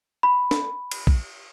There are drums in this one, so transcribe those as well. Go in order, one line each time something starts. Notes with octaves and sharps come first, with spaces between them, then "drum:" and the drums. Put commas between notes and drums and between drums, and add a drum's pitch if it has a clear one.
B5
drum: snare
drum: cymbal
drum: kick A#1